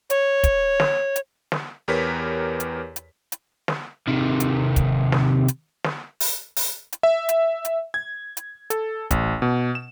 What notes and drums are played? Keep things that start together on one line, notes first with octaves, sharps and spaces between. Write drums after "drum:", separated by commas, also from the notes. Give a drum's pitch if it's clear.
C#5, drum: hi-hat
drum: kick, hi-hat
drum: snare
drum: hi-hat
drum: snare
E2 G4 A#4 B4 C#5 B6
drum: hi-hat
drum: hi-hat
drum: hi-hat
drum: snare
C3 D#3
drum: hi-hat
drum: kick, hi-hat
drum: snare
drum: hi-hat
drum: snare
drum: open hi-hat
drum: open hi-hat
drum: hi-hat
E5
drum: hi-hat
drum: hi-hat
G#6
drum: hi-hat
A4, drum: hi-hat
A1, drum: kick, hi-hat
B2
E7